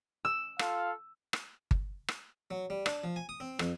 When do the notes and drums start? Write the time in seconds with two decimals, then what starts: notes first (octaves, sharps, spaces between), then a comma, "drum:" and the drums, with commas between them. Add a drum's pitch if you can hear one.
0.25 E6
0.59 F4 A4 F5, drum: rim click
1.33 drum: rim click
1.71 drum: kick G1
2.08 drum: rim click
2.51 F#3
2.70 G3
2.86 D4, drum: rim click
3.04 F3
3.16 G#5
3.29 D#6
3.40 C4
3.59 F2, drum: rim click